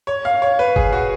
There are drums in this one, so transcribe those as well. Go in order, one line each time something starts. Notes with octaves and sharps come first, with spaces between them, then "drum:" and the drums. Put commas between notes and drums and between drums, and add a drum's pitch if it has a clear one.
C#5
F5
C#5
B4
G#4, drum: kick
F#4